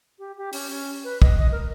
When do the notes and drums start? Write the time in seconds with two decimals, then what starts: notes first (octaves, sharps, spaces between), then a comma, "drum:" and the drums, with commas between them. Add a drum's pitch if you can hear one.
0.19 G4
0.37 G4
0.53 C#4, drum: open hi-hat
0.70 C#4
1.04 B4
1.22 D#5, drum: kick
1.39 D#5
1.52 A#4